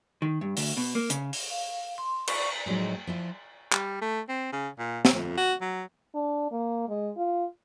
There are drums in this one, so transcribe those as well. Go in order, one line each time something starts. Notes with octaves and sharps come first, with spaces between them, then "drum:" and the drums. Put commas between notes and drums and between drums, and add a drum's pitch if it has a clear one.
D#3
G2
D2, drum: open hi-hat
B2
A#3
C#3, drum: hi-hat
drum: open hi-hat
F5
C6
C#6, drum: cymbal
A2 F3 F#3 G#3 D#4
F3 E4 F4
G3, drum: clap
A3
C4
C#3
A#2
drum: snare
F2
F#4
F#3
D4
A#3
G#3
F4